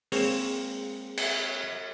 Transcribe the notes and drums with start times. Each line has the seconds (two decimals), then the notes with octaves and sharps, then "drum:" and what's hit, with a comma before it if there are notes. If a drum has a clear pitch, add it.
0.12 G#3 A#3 C4 C#5 E7, drum: open hi-hat
1.17 drum: cymbal